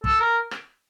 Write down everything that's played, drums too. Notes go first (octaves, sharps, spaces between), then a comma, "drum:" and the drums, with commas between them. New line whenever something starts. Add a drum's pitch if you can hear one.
A4, drum: kick
A#4
drum: rim click